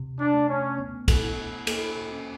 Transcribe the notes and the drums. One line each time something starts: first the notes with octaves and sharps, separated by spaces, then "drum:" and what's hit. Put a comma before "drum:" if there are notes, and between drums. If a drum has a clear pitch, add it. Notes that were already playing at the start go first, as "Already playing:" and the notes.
Already playing: C3
D4
A3
C#4
B3
drum: kick, cymbal
E4
A#3, drum: cymbal
C#4